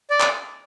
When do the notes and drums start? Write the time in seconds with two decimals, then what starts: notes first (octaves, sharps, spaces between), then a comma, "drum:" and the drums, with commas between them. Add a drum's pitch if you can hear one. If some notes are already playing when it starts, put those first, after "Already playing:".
0.10 D5
0.20 drum: clap